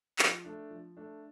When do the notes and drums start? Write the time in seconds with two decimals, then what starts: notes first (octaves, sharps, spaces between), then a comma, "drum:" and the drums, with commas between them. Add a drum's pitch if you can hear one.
0.19 F3, drum: clap
0.44 A3 D4
0.70 F3
0.97 A3 D4